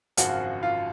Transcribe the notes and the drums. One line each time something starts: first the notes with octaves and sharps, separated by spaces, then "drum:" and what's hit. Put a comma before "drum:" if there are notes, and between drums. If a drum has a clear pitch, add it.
G#1 F#2 C#3 F3 F#4 F#5, drum: hi-hat
F4 F5